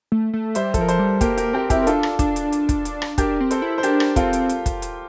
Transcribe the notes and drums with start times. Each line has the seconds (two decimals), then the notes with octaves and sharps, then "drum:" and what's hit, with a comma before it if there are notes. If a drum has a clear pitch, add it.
0.12 A3
0.33 A3
0.55 G3 C5 E5, drum: hi-hat
0.74 A4, drum: kick, hi-hat
0.78 F3 A#4
0.88 A4 C5, drum: hi-hat
0.99 G3
1.21 A#3 G4 A#4, drum: kick, hi-hat
1.37 G4 A#4, drum: hi-hat
1.53 C4 G4 A#4
1.70 E4 G4, drum: kick, hi-hat
1.83 A#4
1.87 D4 F4 A4, drum: hi-hat
2.03 drum: rim click
2.19 D4, drum: kick, hi-hat
2.36 drum: hi-hat
2.52 drum: hi-hat
2.69 drum: kick, hi-hat
2.85 drum: hi-hat
3.02 drum: rim click
3.18 D4 G4 A#4, drum: kick, hi-hat
3.41 C4
3.51 A4 C5, drum: hi-hat
3.62 E4
3.78 C5
3.83 D4 G4 A#4, drum: hi-hat
4.00 drum: rim click
4.16 C4 F4 A4, drum: kick, hi-hat
4.33 drum: hi-hat
4.49 drum: hi-hat
4.66 drum: kick, hi-hat
4.82 drum: hi-hat